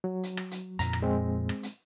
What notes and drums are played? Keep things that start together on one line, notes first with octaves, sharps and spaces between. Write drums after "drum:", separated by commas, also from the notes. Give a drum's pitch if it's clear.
F#3
drum: hi-hat
drum: rim click
drum: hi-hat
F2 A#2 A#5, drum: hi-hat
drum: rim click
G#3 C4
drum: rim click
drum: hi-hat